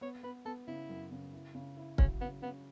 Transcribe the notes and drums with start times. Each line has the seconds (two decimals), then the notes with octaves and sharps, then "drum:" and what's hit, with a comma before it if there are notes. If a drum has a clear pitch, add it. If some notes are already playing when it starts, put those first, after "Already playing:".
0.01 B3 C#5
0.23 B3 B4
0.45 B3 A4
0.68 C#3 E4
0.89 F#2
1.11 C#3
1.33 E4
1.55 C#3
1.77 E4
1.98 F#3 C#4, drum: kick
2.21 C#3 B3
2.42 C#3 B3